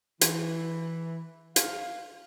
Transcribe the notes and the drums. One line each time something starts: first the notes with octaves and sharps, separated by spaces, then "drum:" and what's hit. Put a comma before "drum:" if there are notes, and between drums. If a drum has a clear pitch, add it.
E3, drum: hi-hat
F5, drum: hi-hat